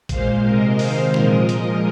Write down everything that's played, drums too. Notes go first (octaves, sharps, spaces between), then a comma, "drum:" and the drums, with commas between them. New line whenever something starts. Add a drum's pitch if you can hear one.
A#2 G#3 C5 F5, drum: kick A1, hi-hat
C3 G#3 A#4 D#5
C3 D#3 G#3 C5 F5, drum: open hi-hat
A#2 F3 G#3 A#4 D#5, drum: snare
A#2 F3 G#3, drum: hi-hat